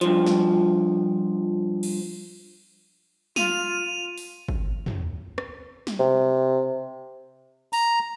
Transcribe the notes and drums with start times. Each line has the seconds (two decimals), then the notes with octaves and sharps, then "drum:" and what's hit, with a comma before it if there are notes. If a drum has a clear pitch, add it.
0.01 G2 F3, drum: hi-hat
0.27 drum: snare
1.83 drum: cymbal
3.36 F4 D#7 F7, drum: snare
4.18 drum: open hi-hat
4.49 drum: kick
4.86 drum: tom
5.38 drum: rim click
5.87 drum: snare
5.99 C3
7.73 A#5, drum: open hi-hat